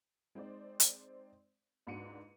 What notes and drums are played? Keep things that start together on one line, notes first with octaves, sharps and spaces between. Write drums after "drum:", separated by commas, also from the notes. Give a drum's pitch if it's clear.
G#3 C4 D#4 C5 D5
drum: hi-hat
C#2 G#2 D4 F#4 C#7 D#7